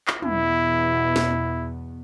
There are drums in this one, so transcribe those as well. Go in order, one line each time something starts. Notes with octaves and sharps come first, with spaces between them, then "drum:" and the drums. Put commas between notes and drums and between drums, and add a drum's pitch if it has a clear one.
drum: clap
E2 B2 B3 E4, drum: tom
drum: snare